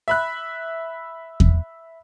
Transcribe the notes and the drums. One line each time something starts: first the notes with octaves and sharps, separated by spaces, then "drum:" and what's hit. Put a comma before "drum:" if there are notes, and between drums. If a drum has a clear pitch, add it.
E5 B5 F#6
drum: kick E2